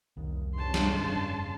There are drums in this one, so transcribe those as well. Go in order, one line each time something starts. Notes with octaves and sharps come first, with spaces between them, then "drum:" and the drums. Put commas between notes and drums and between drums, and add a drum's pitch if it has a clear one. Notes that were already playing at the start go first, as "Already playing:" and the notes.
F1 C2 D#3
G2 C#3 A5 C6
drum: snare
F1 D4